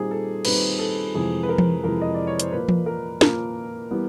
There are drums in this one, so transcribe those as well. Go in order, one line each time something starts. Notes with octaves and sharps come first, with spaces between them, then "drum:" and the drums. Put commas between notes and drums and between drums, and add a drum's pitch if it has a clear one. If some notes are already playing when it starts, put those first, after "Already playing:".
Already playing: A#2 G3 C4 D#4 G#4
A4
A#2 G3 C4 D#4 B4, drum: cymbal
A4
F2 C3 E3 G#3 G#4
B4
A#4
drum: tom E3
F2 C3 E3 G#3 A#4
D#5
D5
C#5
C5, drum: hi-hat
A#2 F3 A#3 B4
drum: tom E3
A#4
A#2 F3 A#3 A#4, drum: snare
E3 G3 B3